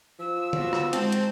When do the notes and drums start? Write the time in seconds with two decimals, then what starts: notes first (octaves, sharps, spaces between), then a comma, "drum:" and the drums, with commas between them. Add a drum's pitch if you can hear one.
0.20 F3 E6
0.53 B3 F4 F#4, drum: tom D3
0.73 drum: rim click
0.93 G#3 C4 D#4 A5, drum: hi-hat
1.12 drum: hi-hat